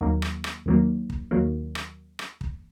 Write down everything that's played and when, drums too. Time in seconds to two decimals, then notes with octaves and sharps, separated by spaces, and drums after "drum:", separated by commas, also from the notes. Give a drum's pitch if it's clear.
0.01 D#2 D#3 F#3 A#3
0.22 drum: rim click
0.44 drum: rim click
0.66 D#2 D#3 F#3 A#3
1.10 drum: kick
1.31 D#2 D#3 F#3 A#3
1.75 drum: rim click
2.19 drum: rim click
2.41 drum: kick